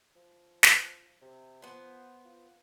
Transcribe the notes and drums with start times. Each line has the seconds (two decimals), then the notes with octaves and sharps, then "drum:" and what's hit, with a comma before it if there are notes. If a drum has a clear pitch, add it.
0.16 F3
0.63 drum: snare
1.21 C3
1.62 F3 B3 C5
2.25 F4